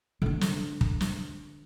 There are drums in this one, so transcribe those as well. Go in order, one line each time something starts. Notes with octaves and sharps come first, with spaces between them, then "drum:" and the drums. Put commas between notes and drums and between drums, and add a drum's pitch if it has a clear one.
D3 D4
drum: snare
drum: kick
drum: snare